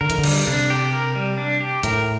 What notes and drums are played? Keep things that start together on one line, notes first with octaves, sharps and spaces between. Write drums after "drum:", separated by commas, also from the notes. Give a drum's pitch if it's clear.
D3 A#4
E3, drum: hi-hat
D3
G3, drum: cymbal
C3 D4
G4
A#4
G3
D4
G4
A2 A#4, drum: hi-hat